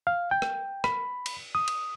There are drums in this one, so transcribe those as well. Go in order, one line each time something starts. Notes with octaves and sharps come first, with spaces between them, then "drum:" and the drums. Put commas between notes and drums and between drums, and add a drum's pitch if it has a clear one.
F5
G5
drum: rim click
B5, drum: rim click
drum: cymbal
D#6
drum: cymbal